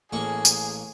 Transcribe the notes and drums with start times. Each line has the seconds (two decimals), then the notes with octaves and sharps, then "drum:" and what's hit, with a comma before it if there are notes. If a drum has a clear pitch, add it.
0.13 A1 A#3 G#4 C#6
0.45 drum: tambourine